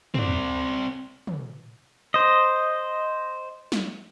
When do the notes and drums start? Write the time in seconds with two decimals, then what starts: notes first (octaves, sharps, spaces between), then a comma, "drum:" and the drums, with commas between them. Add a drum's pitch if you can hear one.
0.15 C4 D5, drum: tom
1.27 drum: tom
2.14 C5 D#5
3.72 drum: snare